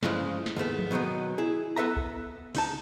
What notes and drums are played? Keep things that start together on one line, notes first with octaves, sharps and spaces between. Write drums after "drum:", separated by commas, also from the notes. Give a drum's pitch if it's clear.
G2 C#3 E3 F3 G#3, drum: snare
drum: snare
D#2 G#2 A3 B3
drum: tom F3
B2 D#3 F#3 B3 D#4
E4 G#4
B3 A4 B4 E5 A#5
drum: kick C2
C#2 D#4 A5, drum: open hi-hat